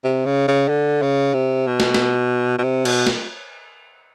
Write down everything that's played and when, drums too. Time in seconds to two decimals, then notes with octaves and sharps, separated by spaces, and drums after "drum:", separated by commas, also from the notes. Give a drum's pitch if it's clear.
0.04 C3
0.26 C#3
0.48 C#3
0.69 D3
1.02 C#3
1.34 C3
1.67 B2
1.80 drum: snare
1.94 drum: snare
2.58 B2
2.63 C3
2.85 B2, drum: cymbal
3.07 drum: snare